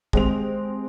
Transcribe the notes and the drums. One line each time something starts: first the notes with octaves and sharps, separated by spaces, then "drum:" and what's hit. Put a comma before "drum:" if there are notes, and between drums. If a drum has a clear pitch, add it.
G#3 C4 G4 F7, drum: kick